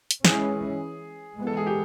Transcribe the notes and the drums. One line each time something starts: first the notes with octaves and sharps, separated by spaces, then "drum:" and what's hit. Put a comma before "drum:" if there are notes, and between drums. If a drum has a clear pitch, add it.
drum: hi-hat
E3 G#3 C#4 G#4, drum: snare
E3 G#3 B3
A4
G#4
G4